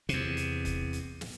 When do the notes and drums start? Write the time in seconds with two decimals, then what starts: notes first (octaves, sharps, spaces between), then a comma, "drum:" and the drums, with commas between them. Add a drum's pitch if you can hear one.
0.09 E2 C3, drum: hi-hat
0.37 drum: hi-hat
0.65 drum: kick, hi-hat
0.93 drum: hi-hat
1.21 drum: snare